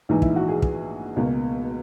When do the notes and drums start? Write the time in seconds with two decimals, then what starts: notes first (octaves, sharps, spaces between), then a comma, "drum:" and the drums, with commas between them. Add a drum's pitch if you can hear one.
0.09 A#1 G#2 E3 D#4
0.22 E4, drum: kick
0.36 F#4
0.49 G#4
0.62 drum: kick
1.16 C#2 B2 A#3